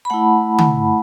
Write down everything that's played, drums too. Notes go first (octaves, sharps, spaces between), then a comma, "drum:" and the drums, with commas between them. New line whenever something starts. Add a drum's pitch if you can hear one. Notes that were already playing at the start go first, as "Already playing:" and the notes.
B5
A3 E4 F#5 A5
drum: tom D3